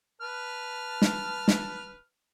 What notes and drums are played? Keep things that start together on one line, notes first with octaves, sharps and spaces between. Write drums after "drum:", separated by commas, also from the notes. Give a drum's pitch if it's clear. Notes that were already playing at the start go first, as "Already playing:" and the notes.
B4 A5 F6
drum: snare
drum: snare